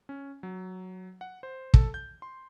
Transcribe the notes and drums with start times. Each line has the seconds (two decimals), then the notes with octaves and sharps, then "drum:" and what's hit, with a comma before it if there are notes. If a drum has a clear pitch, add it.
0.09 C#4
0.43 F#3
1.21 F#5
1.43 C5
1.74 A4, drum: kick
1.94 G6
2.22 C6